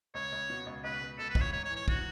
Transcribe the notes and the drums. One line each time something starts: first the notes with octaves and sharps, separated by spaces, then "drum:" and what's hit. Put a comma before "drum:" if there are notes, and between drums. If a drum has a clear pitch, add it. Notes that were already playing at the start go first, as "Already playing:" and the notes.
C#2 C#5
C#2
B2
C#2
C#2 B4
C#2
C#2 A4
B4
C#2, drum: kick
C#5
G#2 C#5
C#5
E3
C#5
F#4, drum: kick